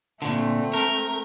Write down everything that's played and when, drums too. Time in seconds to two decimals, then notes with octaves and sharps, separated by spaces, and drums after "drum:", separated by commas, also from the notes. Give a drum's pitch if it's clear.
0.22 A#2 D3 A3 C4, drum: open hi-hat
0.74 A#4, drum: hi-hat